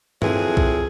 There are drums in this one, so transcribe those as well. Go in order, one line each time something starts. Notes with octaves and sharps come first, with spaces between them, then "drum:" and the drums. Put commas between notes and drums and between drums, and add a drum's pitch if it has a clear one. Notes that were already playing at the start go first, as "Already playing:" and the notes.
F2 E3 F#3 G#4, drum: tom G2
drum: kick B1